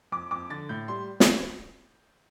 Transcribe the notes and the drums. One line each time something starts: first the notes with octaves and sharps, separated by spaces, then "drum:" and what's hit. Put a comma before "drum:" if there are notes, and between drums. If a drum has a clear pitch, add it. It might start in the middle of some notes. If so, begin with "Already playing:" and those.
F2 D6
F2 D6
D3 A6
A2 G6
G3 C6
drum: snare